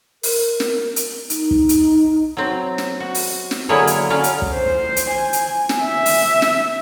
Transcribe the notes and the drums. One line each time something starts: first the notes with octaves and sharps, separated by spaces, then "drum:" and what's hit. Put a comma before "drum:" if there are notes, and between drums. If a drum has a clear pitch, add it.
A#4, drum: open hi-hat
drum: snare
drum: hi-hat
D#4, drum: hi-hat
drum: kick
drum: hi-hat
F#3 C4
drum: snare
F#4
drum: open hi-hat
drum: snare
D3 F#3 A#3 E4 G#4 C#5
drum: hi-hat
D3 F#3 C#4 F5
drum: hi-hat
drum: kick
C5
drum: hi-hat
G#5
drum: hi-hat
drum: snare
E5
drum: open hi-hat
drum: snare